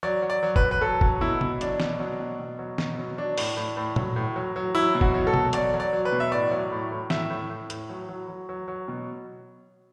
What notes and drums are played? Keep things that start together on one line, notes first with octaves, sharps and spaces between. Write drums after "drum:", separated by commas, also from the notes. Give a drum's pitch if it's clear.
F#3 D5
F#3
D5
F#3
B4, drum: kick G1
F#3
B4
F#3 A4
F#3, drum: kick G1
B2 E4
B2, drum: tom C3
F#3 D4, drum: hi-hat
B2, drum: snare
F#3
B2
B2
F#3
B2, drum: snare
F#3
F#3 D4
A2, drum: open hi-hat
A2
A2
F#3, drum: tom A#2
A2
F#3
F#3
F#3 E4
B2
F#4, drum: kick G1
F#3
A4
B2, drum: tom C3
F#3 D5, drum: hi-hat
F#3
D5
F#3
B4
B2
E5
A2 D5
F#3
A2
A2
A2 E5, drum: snare
A2
A2
A2, drum: hi-hat
F#3
F#3
F#3
F#3
F#3
B2